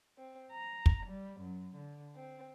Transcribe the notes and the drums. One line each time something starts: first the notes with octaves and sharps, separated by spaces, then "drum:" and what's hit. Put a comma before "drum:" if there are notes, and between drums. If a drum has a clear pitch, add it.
C4
A#5
drum: kick
G3
F#2
D3
C4